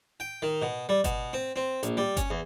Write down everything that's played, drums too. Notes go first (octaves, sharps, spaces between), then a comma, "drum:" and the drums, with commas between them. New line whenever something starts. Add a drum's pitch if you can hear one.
G5
D#3
B2
G3
B2, drum: kick G1, hi-hat
C4
C4
A#1, drum: hi-hat
G3
C#4, drum: kick G1, hi-hat
E2